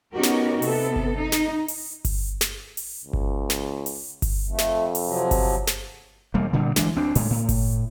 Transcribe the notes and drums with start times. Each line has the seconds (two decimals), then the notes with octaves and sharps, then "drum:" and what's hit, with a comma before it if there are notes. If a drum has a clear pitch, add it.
0.14 B3 C#4 D#4 F#4 G4 A#4
0.23 drum: snare
0.62 C3 B3 A4, drum: open hi-hat
0.96 drum: kick G1
1.16 D#4
1.32 drum: snare
1.68 drum: open hi-hat
2.05 drum: kick G1, open hi-hat
2.41 drum: snare
2.77 drum: open hi-hat
3.04 C#2
3.13 drum: kick G1
3.50 drum: snare
3.86 drum: open hi-hat
4.22 drum: kick G1, open hi-hat
4.49 F2 A3
4.58 drum: snare
4.95 drum: open hi-hat
5.05 C3 F3 F#3
5.31 drum: kick G1, open hi-hat
5.67 drum: snare
6.34 E1 G3 A#3
6.53 G2 A#2 D3 G3
6.76 G1 E3 G#3 D4, drum: snare
6.96 D2 C4 D4
7.15 A2 G#3, drum: open hi-hat
7.30 A2
7.49 drum: kick G1, open hi-hat